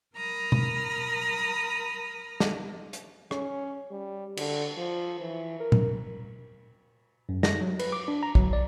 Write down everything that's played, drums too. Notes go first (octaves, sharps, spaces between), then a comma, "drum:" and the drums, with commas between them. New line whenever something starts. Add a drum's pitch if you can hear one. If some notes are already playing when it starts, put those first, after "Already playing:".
A#4 A#5 B5 D#6 F6
drum: tom B2
drum: snare
drum: hi-hat
C#4, drum: rim click
G3
D3, drum: cymbal
F3
E3
A#4
drum: tom A#2
F#2
A#6, drum: snare
F#3
B4, drum: cymbal
D6
D4
A#5
F#3, drum: kick
D5